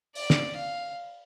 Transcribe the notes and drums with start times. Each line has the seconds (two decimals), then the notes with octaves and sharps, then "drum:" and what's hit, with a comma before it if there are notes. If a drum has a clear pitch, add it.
0.15 D5, drum: open hi-hat
0.30 drum: snare
0.56 F5